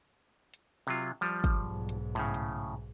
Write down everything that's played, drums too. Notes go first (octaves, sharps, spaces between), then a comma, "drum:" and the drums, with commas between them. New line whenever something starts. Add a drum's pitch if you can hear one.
drum: hi-hat
C3 F#3 F4
F3 G3
drum: kick, hi-hat
B1 G#2
drum: hi-hat
A2 C#3
drum: hi-hat